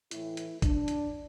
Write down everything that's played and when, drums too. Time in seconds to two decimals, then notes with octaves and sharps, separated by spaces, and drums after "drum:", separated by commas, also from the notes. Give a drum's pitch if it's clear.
0.11 A2 E3 E4, drum: hi-hat
0.37 drum: hi-hat
0.62 D4, drum: kick, hi-hat
0.88 drum: hi-hat